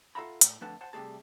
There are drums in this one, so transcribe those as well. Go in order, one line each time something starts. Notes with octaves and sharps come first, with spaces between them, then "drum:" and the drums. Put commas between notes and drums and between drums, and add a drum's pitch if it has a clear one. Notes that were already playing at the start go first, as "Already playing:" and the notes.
F4 A4 E5 F#5 A#5 B5
A2, drum: hi-hat
F2 D3 A3 B4 F#5 A5
C5 F#5 A5
C3 F3 G3 A3 G#4 A5